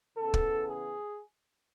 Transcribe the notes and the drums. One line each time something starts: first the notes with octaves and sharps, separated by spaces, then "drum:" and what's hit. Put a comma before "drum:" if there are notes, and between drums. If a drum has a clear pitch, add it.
C#3 E3 B3 A4
drum: kick
G#4